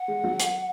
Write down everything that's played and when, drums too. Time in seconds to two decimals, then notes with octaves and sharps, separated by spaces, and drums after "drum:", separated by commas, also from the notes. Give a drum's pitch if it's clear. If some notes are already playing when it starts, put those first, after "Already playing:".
Already playing: F#5
0.08 G#3
0.24 F#3
0.40 drum: hi-hat